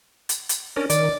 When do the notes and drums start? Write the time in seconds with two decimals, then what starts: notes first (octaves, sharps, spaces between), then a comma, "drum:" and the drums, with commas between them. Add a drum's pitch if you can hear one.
0.29 drum: hi-hat
0.49 drum: hi-hat
0.77 C#4 D4 A#4
0.90 D#3 D5, drum: hi-hat